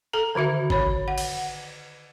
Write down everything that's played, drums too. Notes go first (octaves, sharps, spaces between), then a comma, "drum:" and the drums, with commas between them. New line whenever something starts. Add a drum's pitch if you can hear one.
A4 A#5
D3 D#3 F#4 E5
C#5 B5, drum: kick
F#5
drum: cymbal